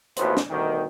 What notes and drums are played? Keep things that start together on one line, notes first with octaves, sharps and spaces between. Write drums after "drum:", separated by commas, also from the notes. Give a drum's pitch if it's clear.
A1 D#2 A2 B3 F#4 C5, drum: hi-hat
drum: snare
D2 G2 B2 D#3